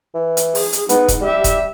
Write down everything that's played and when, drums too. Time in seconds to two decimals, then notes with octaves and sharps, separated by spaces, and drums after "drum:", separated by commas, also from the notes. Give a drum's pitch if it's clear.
0.15 E3
0.37 drum: hi-hat
0.55 G#4, drum: open hi-hat
0.73 drum: hi-hat
0.89 G#3 B3 D#4, drum: hi-hat
1.08 drum: kick, hi-hat
1.21 G3 G4 E5
1.44 drum: kick, hi-hat